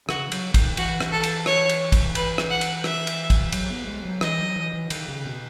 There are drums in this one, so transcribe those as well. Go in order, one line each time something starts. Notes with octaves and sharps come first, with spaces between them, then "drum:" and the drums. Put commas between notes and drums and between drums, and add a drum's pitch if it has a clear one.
C#3 F#4, drum: rim click
F#3, drum: cymbal
D#3, drum: kick, cymbal
E3 F#4, drum: cymbal
drum: rim click
A4
drum: cymbal
C#5, drum: rim click
drum: cymbal
drum: kick, cymbal
B4, drum: cymbal
drum: rim click
F#5
drum: cymbal
E5, drum: rim click
drum: cymbal
drum: kick, cymbal
F#3, drum: cymbal
B3
G#3
F#3
E3 D#5, drum: rim click
F#3
E3
E3
D#3, drum: cymbal
C#3
B2